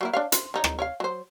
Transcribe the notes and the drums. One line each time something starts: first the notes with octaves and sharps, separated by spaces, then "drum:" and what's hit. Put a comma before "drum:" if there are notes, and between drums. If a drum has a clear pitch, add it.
F#3 A#3 E4
D4 C#5 F5
C5, drum: hi-hat
D3 D#4 C#5
drum: rim click
C#5 D5 F5
F#3 C5